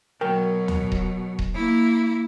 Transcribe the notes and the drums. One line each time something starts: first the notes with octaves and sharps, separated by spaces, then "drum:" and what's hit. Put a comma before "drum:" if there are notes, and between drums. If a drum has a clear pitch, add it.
B2 F#3 A#4 G5
drum: tom D2
drum: kick D#1
drum: kick D#1
A#3 E4